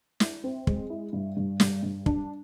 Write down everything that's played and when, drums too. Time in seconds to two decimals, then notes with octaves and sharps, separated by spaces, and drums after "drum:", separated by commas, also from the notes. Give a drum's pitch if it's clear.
0.20 E4, drum: snare
0.44 C4
0.67 G#3, drum: kick
0.90 E4
1.13 G2
1.37 G2
1.60 G2, drum: snare
1.83 G2
2.06 D4, drum: kick